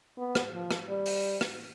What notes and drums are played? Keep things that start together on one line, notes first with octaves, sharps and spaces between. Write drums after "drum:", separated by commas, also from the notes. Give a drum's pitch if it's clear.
B3
drum: rim click
F3
drum: rim click
G3
drum: open hi-hat
drum: rim click